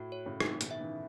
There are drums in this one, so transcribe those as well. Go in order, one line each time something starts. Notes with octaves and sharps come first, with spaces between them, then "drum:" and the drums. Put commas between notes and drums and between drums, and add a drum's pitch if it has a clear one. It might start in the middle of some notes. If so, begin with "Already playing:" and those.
Already playing: A2 F#4
C#5
A2 C#3
A2 C#3 D#4, drum: rim click
B2 D#3, drum: hi-hat
E5
C#3 E3